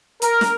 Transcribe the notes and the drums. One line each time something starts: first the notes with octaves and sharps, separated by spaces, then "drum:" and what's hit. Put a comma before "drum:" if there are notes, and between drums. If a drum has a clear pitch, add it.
A#4, drum: hi-hat
drum: snare